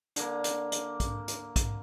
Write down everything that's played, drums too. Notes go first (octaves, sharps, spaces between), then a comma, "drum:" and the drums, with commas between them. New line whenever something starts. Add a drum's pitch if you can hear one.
D3 A#3, drum: hi-hat
drum: hi-hat
drum: hi-hat
drum: kick, hi-hat
drum: hi-hat
drum: kick, hi-hat